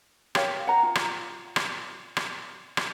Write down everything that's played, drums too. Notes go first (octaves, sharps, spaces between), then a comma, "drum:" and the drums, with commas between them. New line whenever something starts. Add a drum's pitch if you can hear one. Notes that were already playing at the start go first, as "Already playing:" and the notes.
G4 C#5 F5, drum: rim click
F#5 A#5
F4
drum: rim click
drum: rim click
drum: rim click
drum: rim click